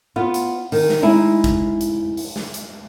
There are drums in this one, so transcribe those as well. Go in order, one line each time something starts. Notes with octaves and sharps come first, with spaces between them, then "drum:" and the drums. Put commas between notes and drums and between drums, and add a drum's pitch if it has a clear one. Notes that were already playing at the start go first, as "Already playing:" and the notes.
B3 F4
drum: hi-hat
D#3, drum: open hi-hat
drum: snare
G#3 D#4 E4
drum: kick, hi-hat
drum: hi-hat
drum: open hi-hat
drum: snare
drum: hi-hat